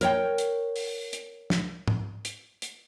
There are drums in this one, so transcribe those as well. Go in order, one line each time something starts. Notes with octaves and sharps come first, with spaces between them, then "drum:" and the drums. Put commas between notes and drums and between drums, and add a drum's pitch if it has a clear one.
A#4 C#5 G5, drum: hi-hat
drum: hi-hat
drum: open hi-hat
drum: hi-hat
drum: snare
drum: tom
drum: hi-hat
drum: hi-hat